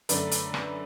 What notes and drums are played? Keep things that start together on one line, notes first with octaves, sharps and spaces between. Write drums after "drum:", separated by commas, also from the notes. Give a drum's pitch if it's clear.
F#2 D3 A3 B4 D5, drum: hi-hat
drum: hi-hat
drum: rim click